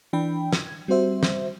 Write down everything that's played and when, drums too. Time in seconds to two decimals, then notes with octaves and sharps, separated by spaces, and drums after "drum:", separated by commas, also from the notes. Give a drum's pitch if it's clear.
0.13 E3 D4 G5 B5
0.53 G#6, drum: snare
0.88 G3 C4 F#4 C5 E5
1.23 drum: snare